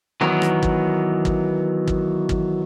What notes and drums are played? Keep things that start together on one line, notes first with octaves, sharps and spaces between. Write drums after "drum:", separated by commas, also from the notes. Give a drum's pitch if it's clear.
D#3 E3 F#3 B3 A#4
drum: rim click
drum: kick
drum: kick
drum: kick
drum: kick